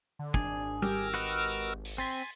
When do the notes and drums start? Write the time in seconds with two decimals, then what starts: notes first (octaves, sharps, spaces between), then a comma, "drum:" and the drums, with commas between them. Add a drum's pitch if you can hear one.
0.19 D3
0.34 G#1 D4 G#4, drum: kick
0.82 G4 A#4 E6 F6, drum: tom G3
1.14 F#4 B4 D#5
1.85 drum: open hi-hat
1.98 C4 G#5 C6 A6 B6